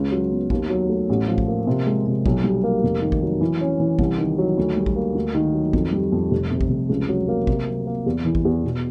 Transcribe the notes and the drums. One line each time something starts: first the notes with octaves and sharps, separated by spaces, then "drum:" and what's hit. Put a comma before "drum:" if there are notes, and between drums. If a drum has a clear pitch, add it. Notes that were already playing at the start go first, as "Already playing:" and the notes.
Already playing: C#2
F#3
B3
D#2, drum: kick A1
F#3
A3
A1
F3
drum: kick A1
A#3
C3
G#3
C3
B1, drum: kick A1
G3
A#3
F1
D#3
drum: kick A1
F#3
E3
C#4
E3
C2, drum: kick A1
D#3
F#3
D2
G3
drum: kick A1
A#3
D2
D#3
F#3
F2, drum: kick A1
G3
F2
F1
C3
drum: kick A1
F1
C#2
F#3
A#3
C3, drum: kick A1
F#3
A#3
E2
E3
drum: kick A1
E2
B2